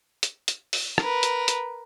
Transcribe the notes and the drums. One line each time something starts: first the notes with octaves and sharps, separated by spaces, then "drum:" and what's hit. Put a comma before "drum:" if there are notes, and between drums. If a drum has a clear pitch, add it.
drum: hi-hat
drum: hi-hat
drum: open hi-hat
A#4 B4, drum: rim click
drum: hi-hat
drum: hi-hat